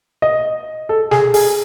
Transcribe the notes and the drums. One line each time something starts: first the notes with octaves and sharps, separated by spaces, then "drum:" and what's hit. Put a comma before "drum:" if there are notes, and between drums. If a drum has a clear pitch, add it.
D#5
A4
G#4, drum: snare
G#4, drum: open hi-hat